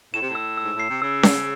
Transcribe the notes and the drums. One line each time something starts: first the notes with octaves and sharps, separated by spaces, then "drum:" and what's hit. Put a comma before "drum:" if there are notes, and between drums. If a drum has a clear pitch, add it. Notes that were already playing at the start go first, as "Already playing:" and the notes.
A2 E7
C3
A2 E6
G#2 E6
A2 C7
C3
C#3 E6
E6, drum: snare C#4